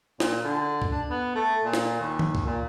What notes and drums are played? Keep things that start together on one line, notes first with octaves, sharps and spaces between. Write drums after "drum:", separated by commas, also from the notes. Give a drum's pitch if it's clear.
A#2, drum: snare
D3
drum: kick C#2
D4
B3
A3
A#2
drum: snare
D#2
drum: tom D#3
drum: kick C#2
A#2